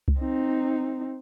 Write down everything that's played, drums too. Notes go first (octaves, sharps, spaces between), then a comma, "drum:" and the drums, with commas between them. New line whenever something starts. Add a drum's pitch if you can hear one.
drum: kick C2
C4 D#4